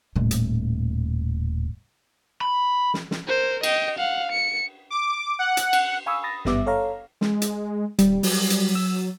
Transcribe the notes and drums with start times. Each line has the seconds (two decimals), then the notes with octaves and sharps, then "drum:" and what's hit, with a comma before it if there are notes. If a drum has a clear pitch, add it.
0.16 D#1 A2
0.31 drum: hi-hat
2.41 B5
2.94 drum: snare
3.11 drum: snare
3.27 A#4 C5
3.63 D#5 G5, drum: cymbal
3.98 F5 F#5
4.32 C#7
4.90 D6
5.39 F#5
5.57 drum: hi-hat
5.73 drum: cymbal
6.06 F5 G#5 B5 C#6 D#6 E6
6.23 B5 D#6 A6 A#6
6.45 G#1 G2 G3 B3 E5 D6, drum: snare
6.66 A4 C#5 F5 A#5
7.21 G#3, drum: snare
7.42 drum: hi-hat
7.99 D#1 G3, drum: hi-hat
8.23 F#3, drum: open hi-hat
8.50 drum: hi-hat
8.75 E6